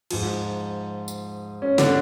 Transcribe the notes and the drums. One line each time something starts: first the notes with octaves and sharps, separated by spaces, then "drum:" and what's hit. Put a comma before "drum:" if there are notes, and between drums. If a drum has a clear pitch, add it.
G#2 F3, drum: cymbal
drum: tambourine
C#4
D3 D4, drum: snare